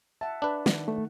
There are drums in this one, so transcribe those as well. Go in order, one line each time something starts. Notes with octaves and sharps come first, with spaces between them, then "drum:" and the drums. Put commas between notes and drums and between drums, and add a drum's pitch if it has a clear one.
E5 F#5 A5
D4 B4
D#3 F#5, drum: snare
A3